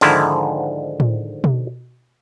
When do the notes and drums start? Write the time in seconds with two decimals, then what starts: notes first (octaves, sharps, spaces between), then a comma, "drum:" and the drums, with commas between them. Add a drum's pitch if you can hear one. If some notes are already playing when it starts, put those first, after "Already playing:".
0.01 G#2 D3 D#3 F3 E4, drum: open hi-hat
1.00 drum: tom A2
1.44 drum: tom B2